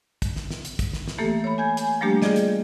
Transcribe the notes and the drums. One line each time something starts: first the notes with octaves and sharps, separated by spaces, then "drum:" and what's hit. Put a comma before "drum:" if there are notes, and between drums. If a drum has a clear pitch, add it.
drum: kick, hi-hat
drum: snare
drum: snare
drum: hi-hat
drum: kick, hi-hat
drum: snare
drum: snare
E3 A3 A#3 G4 A4
C#5 B5
G#5 G6 G#6
G#5, drum: hi-hat
F3 G3 A3 A#3 D4 G4
F4 G4 G#4 D5 D#5, drum: snare
drum: hi-hat